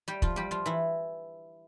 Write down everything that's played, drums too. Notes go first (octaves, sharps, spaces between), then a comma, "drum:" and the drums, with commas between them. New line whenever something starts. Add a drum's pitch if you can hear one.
G3 G4
F3 F4, drum: kick
G3 G4
F3 F4
E3 E4